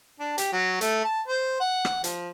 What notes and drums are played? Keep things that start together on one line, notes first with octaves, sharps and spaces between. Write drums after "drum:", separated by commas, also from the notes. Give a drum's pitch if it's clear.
D4
G4, drum: hi-hat
F#3
A3, drum: hi-hat
A5
C5
F#5
drum: rim click
F3, drum: hi-hat